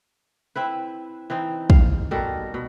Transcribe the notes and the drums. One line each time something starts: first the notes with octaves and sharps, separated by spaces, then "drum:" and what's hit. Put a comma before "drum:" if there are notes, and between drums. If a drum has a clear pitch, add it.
C4 E4 B4
E3 C4 D#4
F5, drum: kick
B2 G3 A4 A#4
B2